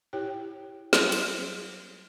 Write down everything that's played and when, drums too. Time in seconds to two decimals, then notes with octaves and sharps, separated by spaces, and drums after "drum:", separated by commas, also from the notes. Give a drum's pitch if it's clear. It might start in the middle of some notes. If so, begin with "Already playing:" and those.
0.13 E4 G4 C#5 G5
0.93 F#3 G3, drum: snare
1.12 drum: cymbal